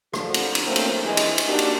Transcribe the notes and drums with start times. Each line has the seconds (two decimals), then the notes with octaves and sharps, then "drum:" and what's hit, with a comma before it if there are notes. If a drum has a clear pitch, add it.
0.14 D3 F3 F#4, drum: rim click
0.34 drum: cymbal
0.55 drum: cymbal
0.67 F#3 A3 A#3 C4
0.76 drum: cymbal
1.03 E3 G#3
1.17 drum: cymbal
1.38 drum: cymbal
1.48 A#3 D4 D#4 F#4 G4
1.59 drum: cymbal